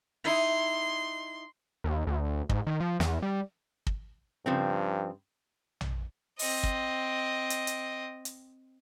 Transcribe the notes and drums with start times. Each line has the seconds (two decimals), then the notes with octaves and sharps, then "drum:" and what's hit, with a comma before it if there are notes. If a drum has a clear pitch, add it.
0.25 D#4 E4 C6
1.84 D#2
2.07 D2
2.49 G#2, drum: kick
2.67 D#3
2.80 F3
3.00 E2, drum: snare
3.22 G3
3.87 drum: kick
4.46 G2 C#3 F3 C4
5.81 drum: tom A#1
6.39 C4 D#5, drum: open hi-hat
6.63 drum: kick
7.50 drum: hi-hat
7.67 drum: hi-hat
8.25 drum: hi-hat